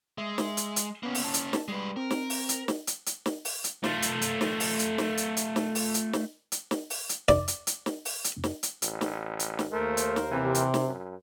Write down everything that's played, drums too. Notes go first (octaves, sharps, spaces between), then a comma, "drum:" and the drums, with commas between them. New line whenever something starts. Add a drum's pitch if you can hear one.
G#3 E5
drum: snare
drum: hi-hat
drum: hi-hat
A#3 B3 C#4
drum: open hi-hat
A5
drum: hi-hat
drum: snare
G3 G#3 B4
C4 A#4
drum: snare
drum: open hi-hat
drum: hi-hat
drum: snare
drum: hi-hat
drum: hi-hat
drum: snare
drum: open hi-hat
drum: hi-hat
A3 F4, drum: snare
drum: hi-hat
drum: hi-hat
drum: snare
drum: open hi-hat
drum: hi-hat
drum: snare
drum: hi-hat
drum: hi-hat
drum: snare
drum: open hi-hat
drum: hi-hat
drum: snare
drum: hi-hat
drum: snare
drum: open hi-hat
drum: hi-hat
D5, drum: snare
drum: hi-hat
drum: hi-hat
drum: snare
drum: open hi-hat
drum: hi-hat
drum: snare
drum: hi-hat
A1, drum: hi-hat
drum: snare
drum: hi-hat
drum: snare
D#2 A3 A#4 C5
drum: hi-hat
drum: snare
C3 E3
drum: hi-hat
drum: snare
F#2